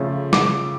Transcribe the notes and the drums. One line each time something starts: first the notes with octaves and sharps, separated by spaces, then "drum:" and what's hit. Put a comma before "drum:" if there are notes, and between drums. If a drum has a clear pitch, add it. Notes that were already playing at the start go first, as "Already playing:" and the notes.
Already playing: C#3 F3 A3 C#4
D6, drum: snare